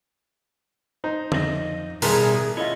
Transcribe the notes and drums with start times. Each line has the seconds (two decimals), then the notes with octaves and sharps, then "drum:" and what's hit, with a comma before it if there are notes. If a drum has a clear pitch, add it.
1.04 D#4 C5
1.32 F2 G#4 D#5, drum: tom D3
2.02 A1 B2 D#3 G3 G#4 A#4 C6, drum: open hi-hat
2.57 C#4 E4 F4 D#5